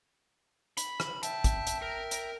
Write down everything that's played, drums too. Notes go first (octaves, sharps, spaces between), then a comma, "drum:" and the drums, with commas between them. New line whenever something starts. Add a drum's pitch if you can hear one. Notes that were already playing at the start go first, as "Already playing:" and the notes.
B5, drum: hi-hat
drum: rim click
E5 G5 A5, drum: hi-hat
drum: kick, hi-hat
drum: hi-hat
A#4
drum: hi-hat